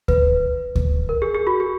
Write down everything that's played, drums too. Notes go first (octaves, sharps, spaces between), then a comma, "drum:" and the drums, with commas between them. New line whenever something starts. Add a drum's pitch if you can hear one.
B4, drum: kick D2
drum: kick D2
A#4
G#4
G#4
F#4
G#4